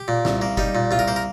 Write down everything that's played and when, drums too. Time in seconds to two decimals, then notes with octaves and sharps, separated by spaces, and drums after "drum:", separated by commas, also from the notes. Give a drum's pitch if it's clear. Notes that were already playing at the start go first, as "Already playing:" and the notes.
Already playing: G4
0.08 A#2
0.25 C2, drum: snare
0.42 A#3
0.57 G3 D#4, drum: kick F#1
0.75 A#2
0.91 C2 F4
0.99 A#4
1.08 A#3 C5
1.16 A#4